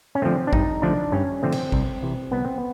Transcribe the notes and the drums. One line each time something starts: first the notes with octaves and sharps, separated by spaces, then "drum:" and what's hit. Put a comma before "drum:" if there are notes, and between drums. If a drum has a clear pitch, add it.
C#4
D3 F3 A3 C4
D4
G2 D#4, drum: kick
D3 F3 A3 D4
G2 C#4
D3 F3 A3 C4
drum: cymbal
C2, drum: kick
C3 E3
C2 B3
C4
B3